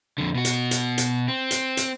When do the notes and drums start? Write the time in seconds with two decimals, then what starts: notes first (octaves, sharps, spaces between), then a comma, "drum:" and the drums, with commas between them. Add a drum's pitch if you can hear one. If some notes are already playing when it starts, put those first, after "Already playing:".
0.18 F2 D3
0.34 B2 F#4
0.45 drum: hi-hat
0.71 drum: hi-hat
0.98 drum: hi-hat
1.28 C4
1.51 drum: hi-hat
1.77 drum: hi-hat